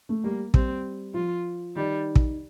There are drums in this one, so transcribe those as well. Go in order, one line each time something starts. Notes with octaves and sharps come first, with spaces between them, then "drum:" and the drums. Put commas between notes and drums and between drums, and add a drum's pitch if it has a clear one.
A3
G3 A#3
G3 C4, drum: kick
F3 F4
D#3 G3
drum: kick